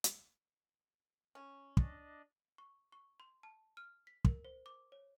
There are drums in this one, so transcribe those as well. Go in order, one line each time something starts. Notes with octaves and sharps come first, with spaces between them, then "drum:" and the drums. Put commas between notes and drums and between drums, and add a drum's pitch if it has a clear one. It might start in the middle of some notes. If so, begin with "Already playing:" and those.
drum: hi-hat
C#4
D4 D5 D#5, drum: kick
C#6
C#6
C6
A5
F6
B6
A#4, drum: kick
C5
D6
C#5